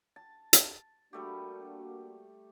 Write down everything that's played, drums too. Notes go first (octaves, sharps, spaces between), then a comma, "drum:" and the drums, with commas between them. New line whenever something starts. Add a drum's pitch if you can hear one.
A5
drum: hi-hat
G3 A3 A#3 D4 F#4 G4